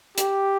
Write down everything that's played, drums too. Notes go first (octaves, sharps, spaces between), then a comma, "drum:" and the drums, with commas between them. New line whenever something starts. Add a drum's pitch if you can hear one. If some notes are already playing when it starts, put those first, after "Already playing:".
G4, drum: hi-hat